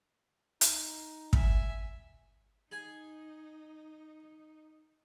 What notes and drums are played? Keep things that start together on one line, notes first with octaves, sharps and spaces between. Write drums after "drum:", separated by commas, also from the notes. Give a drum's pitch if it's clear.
D#4, drum: hi-hat
E5 G#5, drum: kick
D#4 G#4 G#5